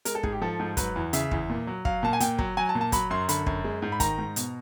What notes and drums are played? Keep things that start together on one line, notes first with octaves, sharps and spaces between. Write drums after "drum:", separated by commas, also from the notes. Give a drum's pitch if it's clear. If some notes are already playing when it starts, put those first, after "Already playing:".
G#3 A#4, drum: hi-hat
A4
G#2 G#4, drum: kick
G4
F3 A4
G#2
F#3 B4, drum: kick, hi-hat
E2
C#3 E5, drum: hi-hat
E2, drum: kick
A#2
F#3
F#3 F5, drum: kick
A#2 A5
G#5
A#2 G5, drum: hi-hat
F#3, drum: kick
F#3 G#5
A5
A#2
A5
F#3 B5, drum: kick, hi-hat
F#2 C6
D3 B5, drum: hi-hat
F#2, drum: kick
G#3
G#2
B5
D#3 A#5, drum: kick, hi-hat
G#2
B2, drum: hi-hat